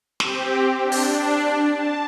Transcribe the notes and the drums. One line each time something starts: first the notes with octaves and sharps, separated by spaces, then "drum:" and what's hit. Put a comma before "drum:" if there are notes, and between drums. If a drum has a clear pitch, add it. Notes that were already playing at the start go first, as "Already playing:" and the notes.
C4 G4, drum: snare
D4
drum: open hi-hat
A5